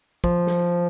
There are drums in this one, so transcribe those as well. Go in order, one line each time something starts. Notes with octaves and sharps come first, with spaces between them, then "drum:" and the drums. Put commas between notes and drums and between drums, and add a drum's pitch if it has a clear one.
F3, drum: kick
drum: snare